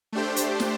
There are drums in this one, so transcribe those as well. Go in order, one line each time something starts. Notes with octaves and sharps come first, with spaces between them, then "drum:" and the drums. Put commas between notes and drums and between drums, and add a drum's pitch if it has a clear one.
A3 D4 G4 C5
drum: hi-hat
drum: snare